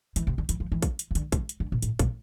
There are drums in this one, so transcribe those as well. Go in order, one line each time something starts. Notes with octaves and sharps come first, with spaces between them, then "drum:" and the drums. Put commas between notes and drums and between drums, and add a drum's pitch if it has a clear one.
E3, drum: hi-hat
C3
D3
E3, drum: hi-hat
F3
E3
drum: kick, hi-hat
drum: hi-hat
E3
D3, drum: hi-hat
C3, drum: kick, hi-hat
drum: hi-hat
D3
B2
A2, drum: hi-hat
B2, drum: kick, hi-hat